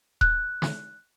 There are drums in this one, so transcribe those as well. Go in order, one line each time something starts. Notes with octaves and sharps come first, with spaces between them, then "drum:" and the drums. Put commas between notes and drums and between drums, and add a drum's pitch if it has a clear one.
F#6, drum: kick D#1
drum: snare